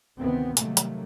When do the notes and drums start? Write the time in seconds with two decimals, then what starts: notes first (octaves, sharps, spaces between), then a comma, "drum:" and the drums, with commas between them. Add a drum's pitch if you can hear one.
0.18 D2 C3 D#3 E3 B3 C4
0.57 C3 D#3 F#3 G3 A3 A#3, drum: hi-hat
0.77 drum: hi-hat